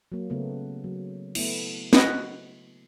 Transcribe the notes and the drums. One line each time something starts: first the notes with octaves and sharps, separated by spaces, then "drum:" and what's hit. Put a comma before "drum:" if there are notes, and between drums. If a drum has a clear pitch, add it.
F#3 A#3
C#3 A3 B3
F#3
A3 B3 E4, drum: cymbal
F#4 B4 D#5, drum: snare